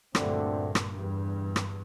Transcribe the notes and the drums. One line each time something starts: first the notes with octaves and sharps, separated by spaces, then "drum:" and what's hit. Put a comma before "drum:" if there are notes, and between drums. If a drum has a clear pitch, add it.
D2 G2 A#2 D3 A3 C4, drum: rim click
drum: rim click
E2 G2
drum: rim click